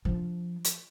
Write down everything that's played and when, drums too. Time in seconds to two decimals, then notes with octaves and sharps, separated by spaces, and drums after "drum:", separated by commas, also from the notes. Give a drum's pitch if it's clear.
0.05 F3 D4
0.65 drum: hi-hat